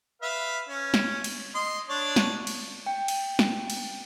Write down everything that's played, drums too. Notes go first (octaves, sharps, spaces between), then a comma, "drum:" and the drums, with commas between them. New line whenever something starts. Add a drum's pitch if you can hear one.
B4 E5 F5
C#4
drum: snare
drum: cymbal
D#5 C6
D4 C#5 D5
drum: snare
drum: cymbal
G5
drum: cymbal
drum: snare
drum: cymbal